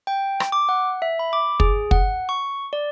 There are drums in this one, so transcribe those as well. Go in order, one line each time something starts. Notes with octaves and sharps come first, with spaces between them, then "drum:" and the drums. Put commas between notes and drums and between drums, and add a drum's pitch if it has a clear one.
G5
drum: rim click
D6
F#5
E5
B5
D6
G#4, drum: kick
F#5, drum: kick
C#6
D5